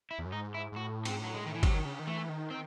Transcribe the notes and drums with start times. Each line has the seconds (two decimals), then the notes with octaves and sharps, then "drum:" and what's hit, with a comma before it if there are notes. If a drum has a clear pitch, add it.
0.11 E4
0.19 E2
0.25 F#2
0.32 G#2 D#4
0.54 E4
0.72 G#2
0.76 A2 F#4
1.05 G#2 C4, drum: cymbal
1.20 A2 F#3
1.34 G#3
1.46 D#3
1.54 E3
1.63 C3 F#3, drum: kick G1, cymbal
1.74 D#3
1.85 C#3
1.99 D#3
2.07 E3 A3
2.29 D#3
2.51 C4